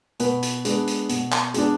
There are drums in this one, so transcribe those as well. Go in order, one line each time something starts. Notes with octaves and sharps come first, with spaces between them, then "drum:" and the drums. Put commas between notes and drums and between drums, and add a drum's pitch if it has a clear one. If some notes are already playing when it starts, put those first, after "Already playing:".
B2 B4, drum: hi-hat
drum: hi-hat
G#3 B3 D4, drum: hi-hat
drum: hi-hat
B2, drum: hi-hat
drum: clap
G#3 B3 D4, drum: hi-hat